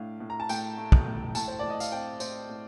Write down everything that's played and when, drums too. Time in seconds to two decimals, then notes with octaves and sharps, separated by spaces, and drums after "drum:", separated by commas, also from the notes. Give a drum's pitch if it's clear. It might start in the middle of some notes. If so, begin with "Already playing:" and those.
Already playing: A2 D4 F5
0.20 A2
0.30 A#5
0.40 A5
0.49 A2 G5, drum: tambourine
0.77 A3
0.92 drum: kick
1.07 A2
1.35 A2 A5, drum: tambourine
1.48 C5
1.59 A2 D5
1.70 D#5
1.80 F5, drum: tambourine
1.92 C4 G5
2.20 A2 C5, drum: tambourine
2.49 A2